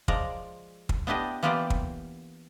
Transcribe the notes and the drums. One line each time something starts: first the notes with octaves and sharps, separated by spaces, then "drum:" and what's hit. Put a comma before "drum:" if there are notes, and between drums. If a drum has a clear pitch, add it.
F3 G#3 D5 A#5, drum: kick
drum: kick
B3 D4 E4 G4 D#5
E3 A#3 B3 F4 G4 D5
drum: kick